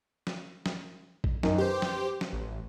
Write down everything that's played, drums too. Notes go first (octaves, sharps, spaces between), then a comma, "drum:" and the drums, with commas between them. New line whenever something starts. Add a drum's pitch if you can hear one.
drum: snare
drum: snare
drum: kick A1
F#2 D#3, drum: snare
G4 B4 C5
drum: snare
drum: snare
A1